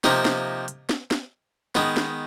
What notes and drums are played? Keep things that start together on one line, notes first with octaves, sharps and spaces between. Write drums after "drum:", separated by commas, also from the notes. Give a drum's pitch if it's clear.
C3 F3 A#3 D#4 G4, drum: snare
drum: snare
drum: hi-hat
drum: snare
drum: snare
D#3 G#3 B3, drum: snare
drum: snare